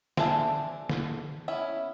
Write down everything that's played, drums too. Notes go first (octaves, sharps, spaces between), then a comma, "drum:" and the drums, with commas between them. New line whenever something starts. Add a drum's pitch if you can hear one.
C4 D4 G#4 E5 A5, drum: snare
drum: snare
B3 C#4 E4